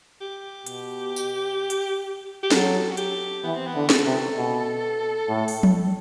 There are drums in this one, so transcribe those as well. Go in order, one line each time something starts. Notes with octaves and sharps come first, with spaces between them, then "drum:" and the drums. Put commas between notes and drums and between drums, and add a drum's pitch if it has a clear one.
G4
B2, drum: hi-hat
drum: tambourine
drum: hi-hat
G4
F#3 A4, drum: snare
F#4
G4, drum: hi-hat
E3 B3
C4
B3
D3
A4, drum: snare
C3
B2
A2
drum: open hi-hat
drum: tom F3